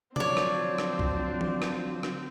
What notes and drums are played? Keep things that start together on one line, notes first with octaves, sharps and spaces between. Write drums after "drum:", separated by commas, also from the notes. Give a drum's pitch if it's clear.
D3 F3 F#3 C4 D4 C#5 D5, drum: tom C3
drum: rim click
drum: rim click
drum: kick
drum: tom E3
drum: rim click
drum: rim click